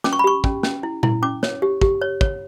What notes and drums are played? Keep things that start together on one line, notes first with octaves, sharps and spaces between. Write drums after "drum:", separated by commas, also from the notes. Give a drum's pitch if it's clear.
C#4 D6, drum: snare
C#6
B5
G4 C#6
C#4, drum: kick
C#4, drum: snare
E4
E4, drum: tom A#2
C#4 D6
C#5, drum: snare
G4
G4, drum: kick
C#5
C#5, drum: kick